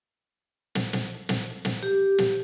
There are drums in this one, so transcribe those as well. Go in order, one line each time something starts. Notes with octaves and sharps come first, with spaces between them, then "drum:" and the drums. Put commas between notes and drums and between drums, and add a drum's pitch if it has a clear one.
drum: snare
drum: snare
drum: snare
drum: snare
G4
drum: snare